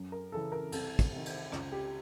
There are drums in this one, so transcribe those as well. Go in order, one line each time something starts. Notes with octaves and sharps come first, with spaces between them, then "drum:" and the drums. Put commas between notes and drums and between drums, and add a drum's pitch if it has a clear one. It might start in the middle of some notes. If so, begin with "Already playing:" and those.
Already playing: F#2
A#4
C#3 E3 A4
A#4
C2 A4, drum: cymbal
drum: kick, cymbal
C3 D#3
drum: cymbal
C#2, drum: rim click
G4